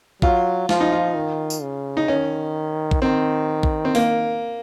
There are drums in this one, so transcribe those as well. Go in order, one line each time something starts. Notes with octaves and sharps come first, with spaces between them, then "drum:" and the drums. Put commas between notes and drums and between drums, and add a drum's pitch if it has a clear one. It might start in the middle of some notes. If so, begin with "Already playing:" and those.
F#3 F4, drum: kick
F3 F4, drum: snare
D#4
F4
D#3
drum: tambourine
C#3
D#4
D#3 C#4
drum: kick
D#3 C4
drum: kick
C4
A#3, drum: open hi-hat